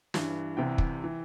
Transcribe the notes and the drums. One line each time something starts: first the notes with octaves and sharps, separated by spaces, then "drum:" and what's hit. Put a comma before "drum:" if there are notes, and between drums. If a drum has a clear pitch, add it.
G2 E3, drum: snare
C2 C3 E3 G5
drum: kick
E3